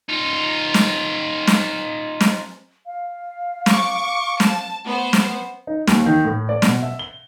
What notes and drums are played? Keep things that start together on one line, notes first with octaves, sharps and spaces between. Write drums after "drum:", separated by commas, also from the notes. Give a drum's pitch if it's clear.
D#4 F4
drum: snare
drum: snare
drum: snare
F5
C#6 D6, drum: snare
A5, drum: snare
A3 B3 C5
drum: snare
D#4
D#2, drum: snare
D#3
A2
D5
B2, drum: snare
E5
G7